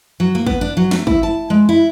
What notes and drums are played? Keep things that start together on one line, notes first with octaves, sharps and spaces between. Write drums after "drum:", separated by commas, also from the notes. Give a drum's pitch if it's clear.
F#3
A#3
B3, drum: kick
D4
F#3
A3, drum: snare
E4, drum: kick
A5
G#3
E4